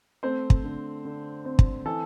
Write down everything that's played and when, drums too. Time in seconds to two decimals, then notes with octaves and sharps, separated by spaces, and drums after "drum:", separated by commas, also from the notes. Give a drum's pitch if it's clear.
0.23 A3 C4 C5
0.50 drum: kick
0.64 D3
1.05 D3
1.45 C4
1.59 drum: kick
1.86 E3 A4